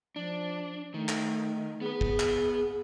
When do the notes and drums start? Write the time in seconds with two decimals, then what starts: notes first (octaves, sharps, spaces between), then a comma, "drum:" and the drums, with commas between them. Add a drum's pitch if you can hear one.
0.16 F3 D4
0.94 D#3 A3
1.08 drum: clap
1.81 B3 G#4 B4
2.01 drum: kick
2.20 drum: clap